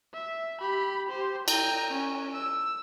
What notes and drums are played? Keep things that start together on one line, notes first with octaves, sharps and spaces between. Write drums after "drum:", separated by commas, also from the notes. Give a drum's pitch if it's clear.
E5
G4 B5
G4 C5
G5 A#5, drum: cymbal
C#4
E6